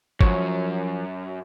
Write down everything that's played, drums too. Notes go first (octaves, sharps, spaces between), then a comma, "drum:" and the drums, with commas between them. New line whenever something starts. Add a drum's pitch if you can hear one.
F#2 F3 C#5, drum: kick G1